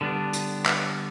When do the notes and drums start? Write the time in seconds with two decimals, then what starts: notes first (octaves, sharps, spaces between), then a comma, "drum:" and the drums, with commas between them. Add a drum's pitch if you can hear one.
0.01 D3 G3 B3 D4
0.33 drum: hi-hat
0.66 drum: clap